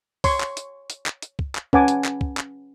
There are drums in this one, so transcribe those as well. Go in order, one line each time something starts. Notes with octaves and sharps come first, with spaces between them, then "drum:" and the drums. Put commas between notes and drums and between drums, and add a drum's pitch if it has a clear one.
C#5 C6 C#6, drum: kick, open hi-hat
drum: clap
drum: hi-hat
drum: hi-hat
drum: clap
drum: hi-hat
drum: kick
drum: clap
C#4 B4 F#5 G#5 A5 D6, drum: kick
drum: hi-hat
drum: clap
drum: kick
drum: clap